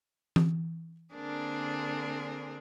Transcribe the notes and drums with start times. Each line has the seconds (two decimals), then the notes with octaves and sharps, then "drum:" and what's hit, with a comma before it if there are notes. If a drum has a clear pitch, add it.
0.36 drum: tom E3
1.15 D3 A#3 C4 D4 G#4 A#4